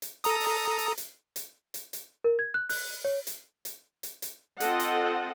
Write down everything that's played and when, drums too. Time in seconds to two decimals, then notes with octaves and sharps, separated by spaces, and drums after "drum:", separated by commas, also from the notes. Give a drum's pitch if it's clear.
0.02 drum: hi-hat
0.24 A4 A#5 D#6, drum: hi-hat
0.40 drum: open hi-hat
0.78 drum: hi-hat
0.98 drum: hi-hat
1.36 drum: hi-hat
1.74 drum: hi-hat
1.93 drum: hi-hat
2.24 A#4
2.39 G#6
2.54 F#6
2.69 F#6, drum: open hi-hat
3.05 C#5
3.27 drum: hi-hat
3.65 drum: hi-hat
4.03 drum: hi-hat
4.22 drum: hi-hat
4.60 C4 F4 A4 D#5 F#5, drum: hi-hat
4.80 drum: hi-hat